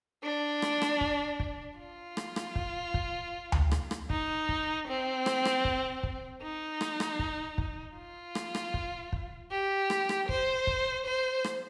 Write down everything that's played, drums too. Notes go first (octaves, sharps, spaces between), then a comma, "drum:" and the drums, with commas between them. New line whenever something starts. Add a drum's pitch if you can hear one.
D4
drum: rim click
drum: rim click
drum: kick
drum: kick
F4
drum: rim click
drum: rim click
drum: kick
drum: kick
drum: tom D2
drum: rim click
drum: rim click
D#4, drum: kick
drum: kick
C4
drum: rim click
drum: rim click
drum: kick
drum: kick
D#4
drum: rim click
drum: rim click
drum: kick
drum: kick
F4
drum: rim click
drum: rim click
drum: kick
drum: kick
G4
drum: rim click
drum: rim click
C5, drum: kick
drum: kick
C5
drum: rim click